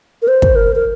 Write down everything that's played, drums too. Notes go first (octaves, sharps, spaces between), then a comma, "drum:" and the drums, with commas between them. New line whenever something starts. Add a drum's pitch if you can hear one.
A#4
C5
drum: kick
A#4
A#4